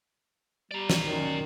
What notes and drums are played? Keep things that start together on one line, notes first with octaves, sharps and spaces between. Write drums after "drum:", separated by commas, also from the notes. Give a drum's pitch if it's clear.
G3 D5 A#5
drum: snare
F#2 D#3